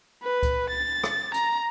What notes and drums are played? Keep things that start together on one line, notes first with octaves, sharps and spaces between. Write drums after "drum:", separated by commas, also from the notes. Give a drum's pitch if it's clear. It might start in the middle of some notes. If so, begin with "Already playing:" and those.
B4
drum: kick C#2, hi-hat
A6
drum: rim click
A#5, drum: hi-hat